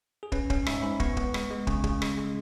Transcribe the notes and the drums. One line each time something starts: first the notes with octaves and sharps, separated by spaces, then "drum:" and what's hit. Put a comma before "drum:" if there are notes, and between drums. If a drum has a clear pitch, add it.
G#4
C#4 B4, drum: kick
C#4, drum: kick
G#2 E5, drum: rim click
G#2 B5
B3 C#6, drum: kick
B3, drum: kick
G#3, drum: rim click
G#3
C#3, drum: kick
C#3, drum: kick
G#3, drum: rim click
G#3